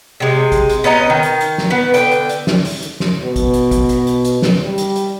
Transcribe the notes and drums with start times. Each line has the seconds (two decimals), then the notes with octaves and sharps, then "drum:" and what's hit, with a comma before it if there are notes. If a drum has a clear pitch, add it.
0.20 C3 G#3
0.52 drum: kick, hi-hat
0.70 drum: hi-hat
0.84 B3 C#4 D#5 A#5
1.10 D#3
1.23 drum: hi-hat
1.41 drum: hi-hat
1.58 drum: snare
1.70 B3 B4
1.94 D3 B3 G5, drum: hi-hat
2.12 drum: hi-hat
2.29 drum: hi-hat
2.47 drum: snare
2.65 drum: open hi-hat
2.83 drum: hi-hat
3.00 drum: snare
3.23 B2
3.36 drum: kick, hi-hat
3.54 drum: hi-hat
3.71 drum: kick, hi-hat
3.89 drum: hi-hat
4.07 drum: hi-hat
4.25 drum: hi-hat
4.42 drum: snare
4.63 G3
4.78 drum: hi-hat
4.96 drum: hi-hat